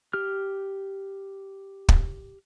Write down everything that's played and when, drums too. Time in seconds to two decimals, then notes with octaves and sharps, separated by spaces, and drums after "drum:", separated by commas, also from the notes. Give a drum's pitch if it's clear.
0.13 G4 F6
1.89 drum: kick